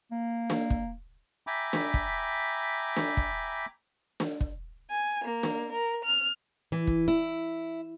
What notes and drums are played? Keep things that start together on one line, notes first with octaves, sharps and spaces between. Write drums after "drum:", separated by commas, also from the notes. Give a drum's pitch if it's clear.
A#3
drum: snare
drum: kick
E5 G5 G#5 A#5 B5 D6
drum: snare
drum: kick
drum: snare
drum: kick
drum: snare
drum: kick
G#5
A#3
drum: snare
A#4
F6
E3
drum: kick
E4